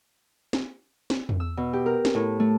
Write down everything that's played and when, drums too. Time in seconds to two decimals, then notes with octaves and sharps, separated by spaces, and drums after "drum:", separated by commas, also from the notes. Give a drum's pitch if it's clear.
0.53 drum: snare
1.10 drum: snare
1.29 drum: tom
1.40 E6
1.57 B2
1.73 G4
1.86 A#4
2.05 drum: snare
2.15 A2
2.40 A3